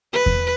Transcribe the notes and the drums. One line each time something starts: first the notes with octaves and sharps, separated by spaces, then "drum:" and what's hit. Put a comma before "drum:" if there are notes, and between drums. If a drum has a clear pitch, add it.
B4
drum: kick E2